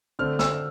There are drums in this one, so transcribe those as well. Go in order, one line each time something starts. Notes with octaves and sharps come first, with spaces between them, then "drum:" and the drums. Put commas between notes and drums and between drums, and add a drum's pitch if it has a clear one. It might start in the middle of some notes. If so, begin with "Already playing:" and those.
D3 A3 C4 F6
E6, drum: snare